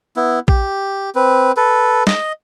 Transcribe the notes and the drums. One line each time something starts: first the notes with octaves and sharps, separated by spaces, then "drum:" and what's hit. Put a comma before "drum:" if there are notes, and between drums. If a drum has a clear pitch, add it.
B3 E4
G4, drum: kick A#1
C4 B4
A4 B4
D#5, drum: snare